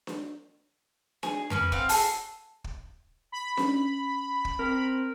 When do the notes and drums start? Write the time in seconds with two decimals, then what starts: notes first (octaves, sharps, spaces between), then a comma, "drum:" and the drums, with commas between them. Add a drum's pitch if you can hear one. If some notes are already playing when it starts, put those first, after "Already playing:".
0.07 drum: snare D4
1.23 G#4, drum: snare D4
1.50 A#3 C#4 B4, drum: tom F2
1.72 C4 F5 F#5, drum: kick
1.89 F#4 G#4 A4, drum: open hi-hat
2.64 drum: kick
3.32 B5
3.57 C#4, drum: snare D4
4.45 drum: kick
4.59 C4 A#4